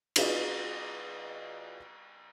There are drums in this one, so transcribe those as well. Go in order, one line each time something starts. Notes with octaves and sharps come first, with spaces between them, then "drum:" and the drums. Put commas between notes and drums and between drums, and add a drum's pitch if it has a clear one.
F4 F#4 G#4 B4 D5 D#5, drum: cymbal